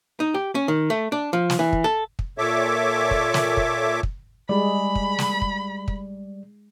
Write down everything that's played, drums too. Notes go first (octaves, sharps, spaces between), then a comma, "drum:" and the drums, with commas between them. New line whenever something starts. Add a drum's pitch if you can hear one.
D#4
G4
C#4
D#3
A3
D4
F3
drum: snare
E3
drum: kick
A4
drum: kick
A#2 A4 C#5 E5 D6
drum: kick
drum: snare
drum: kick
drum: kick
G3 G#3 D5 B5
drum: kick
drum: snare
drum: kick
drum: kick